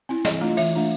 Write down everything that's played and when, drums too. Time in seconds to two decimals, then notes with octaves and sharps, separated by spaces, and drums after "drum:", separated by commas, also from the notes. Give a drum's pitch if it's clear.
0.09 C4 E4
0.25 E3 D#5, drum: snare
0.41 A3 D4 F4
0.57 E3 E5, drum: cymbal
0.73 A3 D4 F4